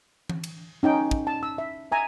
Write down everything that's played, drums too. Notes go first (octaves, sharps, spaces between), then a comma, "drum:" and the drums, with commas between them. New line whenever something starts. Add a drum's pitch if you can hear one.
drum: tom E3
drum: cymbal
C#4 D#4 G5
drum: kick
A5
E6
E5
E5 G#5 A#5